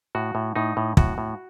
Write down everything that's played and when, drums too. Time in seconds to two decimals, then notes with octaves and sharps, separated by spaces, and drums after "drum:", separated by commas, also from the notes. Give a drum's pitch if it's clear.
0.15 A2 F#4
0.35 A2
0.56 A2 D#4
0.77 A2
0.97 A2 F#4, drum: kick
1.18 A2